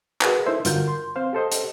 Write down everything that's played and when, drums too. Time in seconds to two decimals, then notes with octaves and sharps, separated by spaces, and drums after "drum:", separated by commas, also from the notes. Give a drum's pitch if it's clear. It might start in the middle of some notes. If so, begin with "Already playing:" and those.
0.21 F#4 G#4 A#4 B4 D#5, drum: clap
0.46 D#4 E4 A4 C5 E5
0.65 G2 D3 F4 F#4 A#4 G6, drum: hi-hat
0.88 C6
1.16 C4 C5 F5
1.33 G4 A4 C5 D#5
1.52 drum: hi-hat